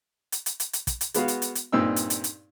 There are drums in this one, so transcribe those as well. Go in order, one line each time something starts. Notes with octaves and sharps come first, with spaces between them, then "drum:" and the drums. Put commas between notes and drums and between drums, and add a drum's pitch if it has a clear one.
drum: hi-hat
drum: hi-hat
drum: hi-hat
drum: hi-hat
drum: kick, hi-hat
drum: hi-hat
G#3 B3 F#4 F5, drum: hi-hat
drum: hi-hat
drum: hi-hat
drum: hi-hat
G2 A#2 C4 D#4 E6
drum: hi-hat
drum: hi-hat
drum: hi-hat